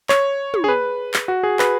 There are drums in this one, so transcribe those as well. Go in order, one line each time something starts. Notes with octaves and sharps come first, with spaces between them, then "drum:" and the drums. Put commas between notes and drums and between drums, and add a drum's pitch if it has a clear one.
C#5, drum: clap
drum: tom
G#4
B4
drum: clap
F#4
G#4
B4, drum: clap